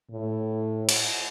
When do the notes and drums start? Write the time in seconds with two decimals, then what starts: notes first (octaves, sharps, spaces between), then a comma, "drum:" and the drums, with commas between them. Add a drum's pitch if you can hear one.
0.11 A2
0.89 drum: cymbal